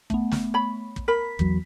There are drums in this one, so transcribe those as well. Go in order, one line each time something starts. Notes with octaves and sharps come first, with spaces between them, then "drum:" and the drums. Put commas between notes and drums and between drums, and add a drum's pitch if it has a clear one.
A3 B3, drum: kick
drum: snare
C#5 B5
drum: kick
A#4 B5 B6
E2 F#3, drum: kick